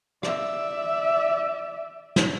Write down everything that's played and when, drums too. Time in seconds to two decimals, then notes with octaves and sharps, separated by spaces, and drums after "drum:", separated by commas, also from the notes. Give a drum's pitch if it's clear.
0.23 D5 E5, drum: rim click
2.16 drum: snare